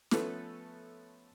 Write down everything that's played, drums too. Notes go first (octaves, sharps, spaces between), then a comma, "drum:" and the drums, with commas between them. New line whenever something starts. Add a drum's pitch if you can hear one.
F3 A3 B3 C#4 A4 B4, drum: snare